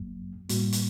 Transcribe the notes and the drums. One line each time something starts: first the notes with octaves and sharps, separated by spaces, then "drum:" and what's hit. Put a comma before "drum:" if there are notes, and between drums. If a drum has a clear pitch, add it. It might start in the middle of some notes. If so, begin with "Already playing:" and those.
Already playing: G1 F#2 F#3 A#3
A2 G3 A#3 F#4, drum: hi-hat
drum: hi-hat